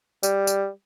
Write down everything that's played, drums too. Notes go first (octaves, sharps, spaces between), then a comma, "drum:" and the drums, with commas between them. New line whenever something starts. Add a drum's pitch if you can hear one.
G3, drum: tambourine
drum: tambourine